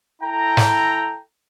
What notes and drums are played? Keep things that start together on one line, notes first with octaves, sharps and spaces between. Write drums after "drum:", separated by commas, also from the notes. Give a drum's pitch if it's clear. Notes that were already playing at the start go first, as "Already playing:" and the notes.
E4 A4 G5 A#5
drum: snare